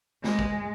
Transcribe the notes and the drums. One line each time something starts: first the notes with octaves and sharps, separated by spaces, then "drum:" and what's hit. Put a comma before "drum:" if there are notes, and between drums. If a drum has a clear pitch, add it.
G#3, drum: snare
drum: kick